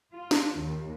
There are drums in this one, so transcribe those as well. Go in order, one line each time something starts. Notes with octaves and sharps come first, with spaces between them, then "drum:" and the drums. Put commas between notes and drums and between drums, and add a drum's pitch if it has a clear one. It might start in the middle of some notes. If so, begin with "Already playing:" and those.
F4
drum: snare
D#2